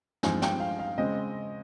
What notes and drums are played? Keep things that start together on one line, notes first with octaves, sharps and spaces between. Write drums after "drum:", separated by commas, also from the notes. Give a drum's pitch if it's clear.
G2 F3 G#3 C4 D#4 G#5, drum: snare
G5, drum: snare
F5
F5
C#3 G#3 C4 D#5